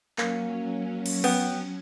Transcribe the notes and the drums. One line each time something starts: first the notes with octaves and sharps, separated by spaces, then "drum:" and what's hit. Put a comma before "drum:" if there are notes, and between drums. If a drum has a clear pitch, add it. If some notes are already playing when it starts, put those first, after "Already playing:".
F#3 A#3 C#4, drum: clap
drum: cymbal
B3 G5, drum: cymbal